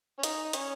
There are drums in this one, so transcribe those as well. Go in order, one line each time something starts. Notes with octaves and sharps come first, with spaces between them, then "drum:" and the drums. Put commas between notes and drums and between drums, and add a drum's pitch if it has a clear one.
C#4
D#4, drum: hi-hat
D#4
C#4, drum: hi-hat